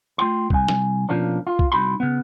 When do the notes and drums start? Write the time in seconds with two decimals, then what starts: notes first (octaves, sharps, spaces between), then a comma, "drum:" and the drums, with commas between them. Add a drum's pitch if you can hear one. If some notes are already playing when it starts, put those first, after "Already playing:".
0.18 A3 F4 G5 C6
0.50 C2 G#5, drum: kick C2
0.68 drum: snare
1.09 B2 F3 A#3 C#4 D4
1.47 F4
1.59 drum: kick C2
1.72 C2 D#4 F#4 B5 C6
2.00 C#3 B3